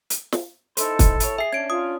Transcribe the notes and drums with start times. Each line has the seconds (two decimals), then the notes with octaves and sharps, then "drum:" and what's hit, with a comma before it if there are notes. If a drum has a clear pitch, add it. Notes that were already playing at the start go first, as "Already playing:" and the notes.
0.10 drum: hi-hat
0.32 drum: snare
0.77 D#4 E4 A4 C5, drum: hi-hat
0.99 drum: kick, hi-hat
1.20 E4 C#5, drum: hi-hat
1.38 G#4 E5 C7
1.53 C#4 D4 G#6 D7
1.70 F4 D#6